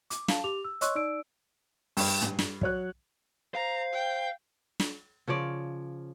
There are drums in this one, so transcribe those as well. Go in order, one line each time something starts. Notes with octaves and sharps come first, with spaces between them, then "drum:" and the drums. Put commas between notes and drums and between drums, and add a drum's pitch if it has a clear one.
D6, drum: hi-hat
F5 A5, drum: snare
G4 D6 F7
E6
C#5 D#5 C6 C#6 E6 F#6, drum: hi-hat
D#4 D5 E6 D7
G2, drum: open hi-hat
drum: tom
drum: snare
F#3 C#5 F#6, drum: kick
C5 F5 A#5
G5
drum: snare
C#3 F3 C#5 D5